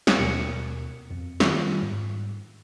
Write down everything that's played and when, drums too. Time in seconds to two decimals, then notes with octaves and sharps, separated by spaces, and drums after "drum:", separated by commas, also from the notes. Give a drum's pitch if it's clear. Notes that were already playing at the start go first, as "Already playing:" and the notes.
0.07 drum: snare
0.19 D#2 B2 A#4 C#7
1.11 F2
1.40 D#3 G3 F4, drum: snare
1.82 G#2